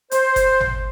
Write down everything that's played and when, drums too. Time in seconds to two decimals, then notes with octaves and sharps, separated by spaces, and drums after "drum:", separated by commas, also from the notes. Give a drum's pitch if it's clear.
0.11 C5, drum: hi-hat
0.36 drum: kick F1, hi-hat
0.60 drum: tom G#1